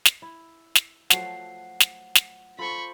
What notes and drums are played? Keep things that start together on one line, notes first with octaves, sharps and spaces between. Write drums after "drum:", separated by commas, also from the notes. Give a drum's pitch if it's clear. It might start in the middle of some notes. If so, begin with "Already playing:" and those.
drum: snare
E4
drum: snare
F3 F#3 A3 F#5 C7, drum: snare
drum: snare
drum: snare
F4 A4 C5 B5 C#6